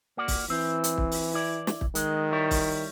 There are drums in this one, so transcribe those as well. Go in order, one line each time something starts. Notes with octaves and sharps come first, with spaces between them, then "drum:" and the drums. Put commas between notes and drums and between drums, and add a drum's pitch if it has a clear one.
A#3 F#4 D5
drum: kick, open hi-hat
E3 C4
drum: hi-hat
drum: kick
drum: open hi-hat
E4 D5
drum: snare
drum: kick
D#3 G#3, drum: hi-hat
G3 E4 C#5
drum: kick, open hi-hat